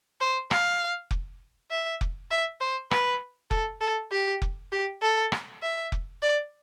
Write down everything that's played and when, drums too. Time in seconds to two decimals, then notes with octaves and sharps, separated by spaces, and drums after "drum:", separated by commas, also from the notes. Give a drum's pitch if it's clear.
0.21 C5
0.51 F5, drum: rim click
1.11 drum: kick F1
1.71 E5
2.01 drum: kick F1
2.31 E5
2.61 C5
2.91 B4, drum: rim click
3.51 A4, drum: kick F1
3.81 A4
4.12 G4
4.42 drum: kick F1
4.72 G4
5.02 A4
5.32 drum: rim click
5.62 E5
5.92 drum: kick F1
6.22 D5